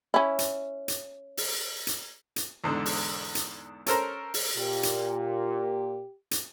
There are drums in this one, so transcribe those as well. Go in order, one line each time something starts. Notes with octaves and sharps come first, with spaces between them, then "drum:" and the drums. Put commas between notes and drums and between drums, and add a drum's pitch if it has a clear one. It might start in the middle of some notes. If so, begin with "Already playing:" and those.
C#4 E4
drum: hi-hat
drum: hi-hat
drum: open hi-hat
drum: hi-hat
drum: hi-hat
E2 G#2 D3
drum: open hi-hat
drum: hi-hat
C#4 A4 A#4 C5 A#5, drum: hi-hat
drum: open hi-hat
A#2 G4
drum: hi-hat
drum: hi-hat